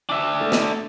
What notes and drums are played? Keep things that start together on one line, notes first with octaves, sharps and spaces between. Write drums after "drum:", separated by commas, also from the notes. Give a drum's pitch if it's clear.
D4 E5
A3
drum: snare